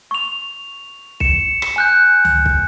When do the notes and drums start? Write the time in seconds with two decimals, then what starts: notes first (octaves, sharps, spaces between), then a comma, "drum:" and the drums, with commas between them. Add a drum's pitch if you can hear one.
0.11 C#6 F7
1.20 C#7 E7, drum: kick
1.62 drum: rim click
1.76 G#5 F#6 G6
2.25 drum: tom C#2
2.46 drum: kick